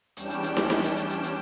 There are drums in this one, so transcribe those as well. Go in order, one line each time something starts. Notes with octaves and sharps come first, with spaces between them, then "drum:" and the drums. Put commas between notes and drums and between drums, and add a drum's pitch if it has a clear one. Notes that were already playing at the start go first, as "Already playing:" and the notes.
E2 G3 C#4 D4 G5 E7, drum: hi-hat
drum: hi-hat
drum: hi-hat
drum: snare
drum: snare
drum: hi-hat
drum: hi-hat
drum: hi-hat
drum: hi-hat